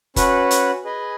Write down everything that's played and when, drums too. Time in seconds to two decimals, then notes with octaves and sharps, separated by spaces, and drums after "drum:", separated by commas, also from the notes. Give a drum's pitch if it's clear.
0.16 C#4 F#4 B4, drum: kick F1, hi-hat
0.51 drum: hi-hat
0.85 G#4 B4 D#5 G#5